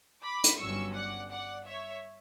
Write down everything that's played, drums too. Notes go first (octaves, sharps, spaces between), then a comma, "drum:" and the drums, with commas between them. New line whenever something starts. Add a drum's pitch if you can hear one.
B5 D6
drum: hi-hat
G1 G2 F#3 C#4 C#6 E6
D5 F#5
D5 F#5
C#5 E5